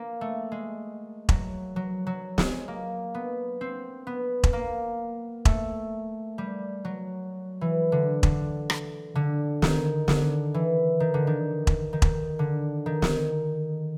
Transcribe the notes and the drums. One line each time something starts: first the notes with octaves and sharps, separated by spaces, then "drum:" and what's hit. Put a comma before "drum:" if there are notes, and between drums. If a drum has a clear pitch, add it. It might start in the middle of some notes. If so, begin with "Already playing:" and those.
Already playing: A#3
A3
G#3
F#3, drum: kick E1
F#3
F#3
G#3, drum: snare
A#3
B3
C4
B3
drum: kick E1
A#3
A3, drum: kick E1
G3
F#3
E3
D3
D3, drum: kick E1
drum: rim click
D3
D#3, drum: snare
D3, drum: snare
E3
D#3
D3
D#3
drum: kick E1
D#3
drum: kick E1
D3
D#3
drum: snare